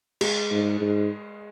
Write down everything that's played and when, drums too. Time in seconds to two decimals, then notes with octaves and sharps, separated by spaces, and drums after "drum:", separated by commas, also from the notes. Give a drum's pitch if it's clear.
0.21 G#3, drum: cymbal
0.51 G#2
0.81 G#2